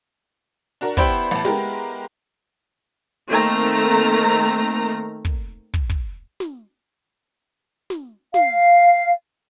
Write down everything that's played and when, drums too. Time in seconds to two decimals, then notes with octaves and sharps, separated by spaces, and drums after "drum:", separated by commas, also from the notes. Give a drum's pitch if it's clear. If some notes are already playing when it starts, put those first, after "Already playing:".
0.81 D4 F#4 A#4
0.97 B3 E4 G4 C5 D5 G5, drum: kick
1.31 A1 A5, drum: hi-hat
1.45 G#3 G4 A#4, drum: snare
3.28 D#3 A3 A#3 C4 A#5
5.25 drum: kick
5.74 drum: kick
5.90 drum: kick
6.40 drum: snare
7.90 drum: snare
8.34 F5, drum: snare